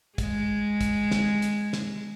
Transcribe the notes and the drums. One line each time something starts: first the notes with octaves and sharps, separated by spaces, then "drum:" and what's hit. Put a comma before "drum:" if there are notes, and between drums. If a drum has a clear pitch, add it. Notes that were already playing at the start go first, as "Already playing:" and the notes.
G#3, drum: kick, hi-hat
drum: kick, hi-hat
drum: snare
drum: hi-hat
drum: snare